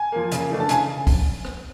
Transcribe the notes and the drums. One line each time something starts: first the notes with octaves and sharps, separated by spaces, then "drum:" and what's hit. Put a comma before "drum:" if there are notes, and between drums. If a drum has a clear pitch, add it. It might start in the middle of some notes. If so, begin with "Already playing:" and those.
Already playing: G#5
F3 A#3
C#3, drum: hi-hat
E3 A3 D4
A5
C#3 G#5, drum: hi-hat
drum: kick, open hi-hat
drum: rim click